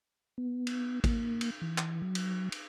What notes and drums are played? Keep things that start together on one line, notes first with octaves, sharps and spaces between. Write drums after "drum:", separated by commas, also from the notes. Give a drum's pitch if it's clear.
B3
drum: cymbal
A#3, drum: kick G#1, cymbal
drum: cymbal
E3
drum: clap
F#3
drum: cymbal
drum: cymbal